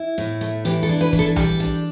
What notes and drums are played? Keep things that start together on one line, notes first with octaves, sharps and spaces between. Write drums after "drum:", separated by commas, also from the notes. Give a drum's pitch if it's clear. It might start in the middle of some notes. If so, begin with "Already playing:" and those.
Already playing: E4
A2
A3
E3 G4
A4
D4
B4
E3, drum: kick
A4
G3 A4, drum: tom B1
D4